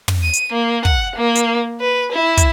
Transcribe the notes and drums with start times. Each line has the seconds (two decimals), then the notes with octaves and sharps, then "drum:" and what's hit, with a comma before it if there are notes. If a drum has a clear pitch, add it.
0.08 drum: tom
0.23 D#7
0.33 drum: hi-hat
0.52 A#3
0.85 F#5, drum: kick
1.16 A#3
1.35 drum: hi-hat
1.81 B4
2.12 E4
2.37 drum: kick, hi-hat